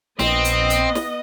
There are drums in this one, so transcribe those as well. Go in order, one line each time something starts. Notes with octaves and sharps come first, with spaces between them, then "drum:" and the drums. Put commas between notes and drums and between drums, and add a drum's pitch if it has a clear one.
A#1 B3 C4 D#5, drum: snare
drum: hi-hat
drum: hi-hat
drum: snare